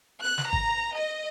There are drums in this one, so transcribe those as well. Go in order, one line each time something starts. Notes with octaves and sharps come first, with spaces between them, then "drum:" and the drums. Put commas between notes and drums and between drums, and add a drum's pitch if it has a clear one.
F#6
drum: snare
A#5, drum: kick
D#5